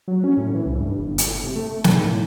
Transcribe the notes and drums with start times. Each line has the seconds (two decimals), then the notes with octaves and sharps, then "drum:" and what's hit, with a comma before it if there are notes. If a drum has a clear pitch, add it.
0.08 F#3
0.24 C#4
0.37 A2
0.54 E3
0.66 C2
0.81 G2
0.98 G1
1.18 drum: hi-hat
1.27 A2
1.44 C3
1.56 A3
1.84 D#3, drum: snare
2.03 A2